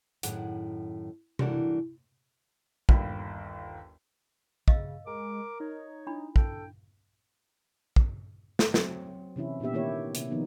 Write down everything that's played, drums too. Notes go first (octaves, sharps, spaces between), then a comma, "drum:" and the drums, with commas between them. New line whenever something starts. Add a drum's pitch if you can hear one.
F#2 A2 D#3 G#4 F#5, drum: hi-hat
E3 G3 A3 A#3 D4 F#4, drum: tom C3
G1 D#2 B5, drum: kick
C#3 D#5 F5 E6, drum: kick
G#3 A#4 D6
D#4 C#5
D4 E4 B5
A4 G5, drum: kick
drum: kick
drum: snare
F#3 C4, drum: snare
C3 E3 C#4 E4
A#2 B3 D4 G4 E5
D#3 A#3 E4 G4 C#5
C3, drum: hi-hat
D#3 F3 B3 D#4